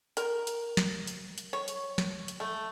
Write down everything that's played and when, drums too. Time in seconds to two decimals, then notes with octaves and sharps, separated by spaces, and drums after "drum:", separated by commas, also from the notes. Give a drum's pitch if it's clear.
0.17 A#4, drum: hi-hat
0.47 drum: hi-hat
0.77 drum: snare
1.07 drum: hi-hat
1.38 drum: hi-hat
1.53 C#5
1.68 drum: hi-hat
1.98 drum: snare
2.28 drum: hi-hat
2.40 A3